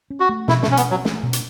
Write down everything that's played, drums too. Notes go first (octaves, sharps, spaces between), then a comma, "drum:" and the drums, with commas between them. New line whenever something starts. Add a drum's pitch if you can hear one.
C#4
F#4
A3
B2 E4, drum: snare
A3, drum: snare
B2 C#4
B3, drum: hi-hat
F#3 C#4
A3, drum: snare
B2
drum: hi-hat